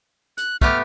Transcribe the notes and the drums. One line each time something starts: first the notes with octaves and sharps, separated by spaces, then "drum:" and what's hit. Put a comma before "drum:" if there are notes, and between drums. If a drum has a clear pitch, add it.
F#6, drum: hi-hat
A3 B3 G4 F6, drum: kick